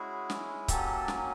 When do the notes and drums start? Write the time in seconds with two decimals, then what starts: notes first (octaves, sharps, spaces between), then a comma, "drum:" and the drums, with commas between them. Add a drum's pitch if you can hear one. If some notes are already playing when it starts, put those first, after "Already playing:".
Already playing: G#3 C#4 E4 F#4 G#4
0.30 drum: snare
0.68 F#3 A#3 C#4 G4 A4, drum: kick C#1, hi-hat
1.08 drum: snare